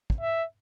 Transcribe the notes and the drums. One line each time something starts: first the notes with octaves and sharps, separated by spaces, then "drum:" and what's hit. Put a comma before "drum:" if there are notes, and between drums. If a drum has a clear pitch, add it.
drum: kick
E5